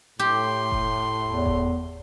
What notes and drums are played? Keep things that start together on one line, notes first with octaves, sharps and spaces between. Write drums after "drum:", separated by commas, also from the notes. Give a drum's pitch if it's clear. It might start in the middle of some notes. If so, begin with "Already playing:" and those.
A2 G4 C6
drum: kick F1
E2
drum: kick F1